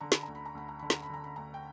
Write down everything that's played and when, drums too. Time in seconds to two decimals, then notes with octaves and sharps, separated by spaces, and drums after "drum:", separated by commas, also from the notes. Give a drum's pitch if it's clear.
0.01 D3 A#5
0.12 B5, drum: snare
0.23 A#5
0.28 D2
0.35 B5
0.45 A#5
0.55 D2 B5
0.68 A#5
0.79 D3 B5
0.90 A#5, drum: snare
1.02 B5
1.10 D3 A#5
1.24 B5
1.36 D2 A#5
1.54 G5